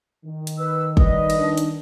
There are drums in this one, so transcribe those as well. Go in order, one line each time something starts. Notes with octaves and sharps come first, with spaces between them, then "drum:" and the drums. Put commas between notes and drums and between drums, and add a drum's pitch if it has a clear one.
D#3
drum: hi-hat
B4 E6
G3 B4 D#5, drum: kick
drum: cymbal
D#3 D4
drum: hi-hat